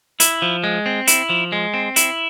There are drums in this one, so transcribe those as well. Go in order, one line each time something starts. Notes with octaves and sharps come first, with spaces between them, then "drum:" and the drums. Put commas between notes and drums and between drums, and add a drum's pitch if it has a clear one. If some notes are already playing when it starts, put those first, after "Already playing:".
E4, drum: hi-hat
F3
G#3
C4
E4, drum: hi-hat
F3
G#3
C4
E4, drum: hi-hat